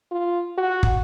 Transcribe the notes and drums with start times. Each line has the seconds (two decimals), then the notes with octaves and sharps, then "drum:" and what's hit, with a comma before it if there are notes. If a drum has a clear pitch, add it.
0.11 F4
0.58 F#4
0.83 drum: kick